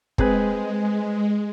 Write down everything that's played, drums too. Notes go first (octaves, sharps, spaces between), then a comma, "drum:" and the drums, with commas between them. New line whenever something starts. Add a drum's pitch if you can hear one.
G#3 C4 G#4 B4, drum: kick